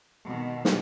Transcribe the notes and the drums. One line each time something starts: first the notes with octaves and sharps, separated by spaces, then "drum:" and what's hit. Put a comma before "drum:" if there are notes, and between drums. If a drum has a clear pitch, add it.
B2 D#3
drum: snare